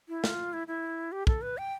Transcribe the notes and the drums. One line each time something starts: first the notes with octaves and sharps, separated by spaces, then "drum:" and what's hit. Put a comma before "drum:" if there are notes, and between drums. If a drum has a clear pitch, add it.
E4
F4, drum: snare
E4
E4
G4
A4, drum: kick
B4
G5